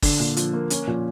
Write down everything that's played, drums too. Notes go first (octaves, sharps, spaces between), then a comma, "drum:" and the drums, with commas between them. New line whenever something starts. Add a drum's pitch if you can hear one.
D3 D4, drum: kick, open hi-hat
A#2
F3, drum: hi-hat
A#3
C#4, drum: hi-hat
A#2 F3